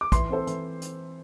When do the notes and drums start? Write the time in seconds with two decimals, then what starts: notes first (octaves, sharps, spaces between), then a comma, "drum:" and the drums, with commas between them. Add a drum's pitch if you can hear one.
0.01 D6
0.12 E3 C6, drum: kick, hi-hat
0.29 C4 A4 C5
0.47 E3, drum: hi-hat
0.82 drum: hi-hat